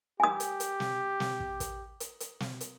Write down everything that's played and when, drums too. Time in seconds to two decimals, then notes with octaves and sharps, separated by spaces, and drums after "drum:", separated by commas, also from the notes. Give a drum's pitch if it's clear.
0.20 G4 G#5 D#6
0.40 drum: hi-hat
0.60 drum: hi-hat
0.80 drum: snare
1.20 drum: snare
1.40 drum: kick
1.60 drum: kick, hi-hat
2.00 drum: hi-hat
2.20 drum: hi-hat
2.40 drum: snare
2.60 drum: hi-hat